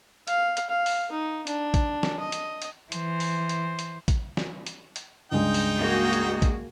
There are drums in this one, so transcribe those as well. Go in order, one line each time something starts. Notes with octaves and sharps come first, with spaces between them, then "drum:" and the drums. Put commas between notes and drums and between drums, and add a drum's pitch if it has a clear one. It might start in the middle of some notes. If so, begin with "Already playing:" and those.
F5, drum: hi-hat
drum: hi-hat
F5
drum: open hi-hat
D#4
D4, drum: hi-hat
drum: kick A1, hi-hat
drum: snare
D#5
drum: hi-hat
drum: hi-hat
E3 C5, drum: hi-hat
drum: open hi-hat
drum: hi-hat
drum: hi-hat
drum: kick A1, hi-hat
drum: snare
drum: hi-hat
drum: hi-hat
C#2 G2 G#3 D#4 D#5 G5
drum: open hi-hat
A#3 F#4 G#4
drum: hi-hat
drum: kick A1, hi-hat